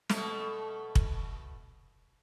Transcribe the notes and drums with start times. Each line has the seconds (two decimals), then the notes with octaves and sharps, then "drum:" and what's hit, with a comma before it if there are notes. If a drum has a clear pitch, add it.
0.10 B2 A3, drum: snare
0.95 drum: kick